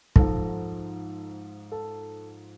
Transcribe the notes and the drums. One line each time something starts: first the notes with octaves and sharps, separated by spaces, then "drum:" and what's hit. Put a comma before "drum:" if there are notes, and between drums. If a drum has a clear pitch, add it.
G#2 F3 A4, drum: kick
A4